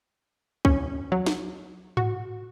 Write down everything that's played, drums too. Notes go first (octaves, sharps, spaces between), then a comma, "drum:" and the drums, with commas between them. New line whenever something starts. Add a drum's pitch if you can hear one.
C#4, drum: kick C2
F#3
drum: snare
F#4, drum: tom G#2